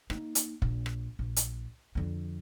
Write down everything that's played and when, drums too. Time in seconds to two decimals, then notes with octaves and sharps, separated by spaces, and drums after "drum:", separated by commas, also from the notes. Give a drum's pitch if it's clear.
0.10 A#3 D#4, drum: rim click
0.35 drum: hi-hat
0.62 A#1, drum: kick
0.86 drum: rim click
1.19 A#1
1.36 drum: hi-hat
1.95 F2 D3